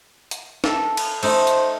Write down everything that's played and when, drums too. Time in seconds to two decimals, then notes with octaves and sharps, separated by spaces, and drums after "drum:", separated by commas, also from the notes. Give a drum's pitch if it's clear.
0.31 drum: hi-hat
0.64 A4, drum: snare
0.97 drum: cymbal
1.23 A3 D#4 C5, drum: cymbal
1.47 drum: hi-hat